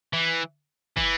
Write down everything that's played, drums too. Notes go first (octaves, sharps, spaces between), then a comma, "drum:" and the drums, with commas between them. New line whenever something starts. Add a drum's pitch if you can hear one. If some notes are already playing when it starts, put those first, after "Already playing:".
E3
E3, drum: kick